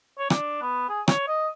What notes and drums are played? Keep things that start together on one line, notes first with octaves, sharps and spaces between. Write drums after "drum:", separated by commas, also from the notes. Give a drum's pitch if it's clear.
C#5
D4, drum: rim click
B3
G#4
C#5, drum: rim click
D#5